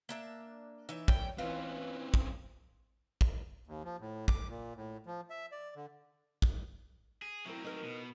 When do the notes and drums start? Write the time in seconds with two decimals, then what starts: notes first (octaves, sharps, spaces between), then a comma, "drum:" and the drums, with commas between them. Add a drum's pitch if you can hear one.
0.09 A#3 D4 E5
0.89 E3 D#4 C#5 E5
1.08 C#5 D5 G5, drum: kick
1.38 E3 C4 C#4 D#4 F4 B4
2.14 drum: kick
3.21 drum: kick
3.67 D#2
3.84 F3
4.00 A2
4.28 D6, drum: kick
4.49 A#2
4.76 A2
5.06 F3
5.30 E5
5.52 D5
5.76 D3
6.42 drum: kick
7.22 G#4
7.46 F#3 C4 E4 A#4
7.65 D#4 A#4 B4
7.83 B2